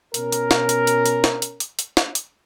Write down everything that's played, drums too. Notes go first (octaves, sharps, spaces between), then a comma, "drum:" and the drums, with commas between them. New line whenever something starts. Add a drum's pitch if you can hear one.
B2 C#4 A#4, drum: hi-hat
drum: hi-hat
drum: snare
drum: hi-hat
drum: hi-hat
drum: hi-hat
drum: snare
drum: hi-hat
drum: hi-hat
drum: hi-hat
drum: snare
drum: hi-hat